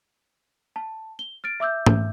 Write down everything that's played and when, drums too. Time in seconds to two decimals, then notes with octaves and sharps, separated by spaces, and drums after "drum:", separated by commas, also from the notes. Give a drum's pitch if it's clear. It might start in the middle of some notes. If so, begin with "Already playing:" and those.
0.76 A5
1.19 G7
1.44 F6 A6 D7
1.60 E5 D6 E6 G6
1.86 drum: tom